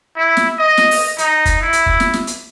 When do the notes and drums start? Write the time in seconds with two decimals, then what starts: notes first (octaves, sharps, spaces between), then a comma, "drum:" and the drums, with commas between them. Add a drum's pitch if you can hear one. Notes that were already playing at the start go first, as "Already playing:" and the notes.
0.17 E4
0.37 drum: snare
0.58 D#5
0.77 drum: snare
0.91 drum: open hi-hat
1.18 D#4, drum: hi-hat
1.45 drum: kick, hi-hat
1.61 E4
1.73 drum: hi-hat
1.86 drum: kick
2.00 drum: snare
2.14 drum: snare
2.27 drum: hi-hat